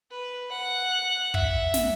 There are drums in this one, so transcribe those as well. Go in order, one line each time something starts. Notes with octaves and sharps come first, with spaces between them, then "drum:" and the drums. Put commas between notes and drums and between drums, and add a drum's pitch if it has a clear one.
B4
F#5
E5, drum: kick
drum: snare